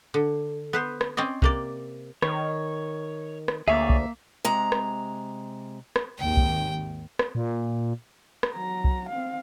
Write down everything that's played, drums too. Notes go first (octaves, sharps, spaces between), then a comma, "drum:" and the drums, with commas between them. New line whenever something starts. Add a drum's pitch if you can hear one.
D3
B3 B4 C5
drum: rim click
C4 C#4 D5 D#5
C3 A#3 D5, drum: kick C2
D#3 C#5, drum: rim click
drum: rim click
D2 A#3 G#4 C#5 D5 E5
drum: kick C2
C3 G#3 A#5
drum: rim click
drum: rim click
G#1 D#2 G5
drum: kick C2
drum: rim click
A#2
drum: rim click
F#3 A#5
drum: kick C2
C4 F5